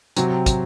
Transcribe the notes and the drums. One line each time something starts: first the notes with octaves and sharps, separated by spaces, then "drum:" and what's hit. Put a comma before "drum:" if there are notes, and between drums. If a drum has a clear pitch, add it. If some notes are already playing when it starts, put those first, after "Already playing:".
C3 F#3 C4, drum: hi-hat
drum: kick, hi-hat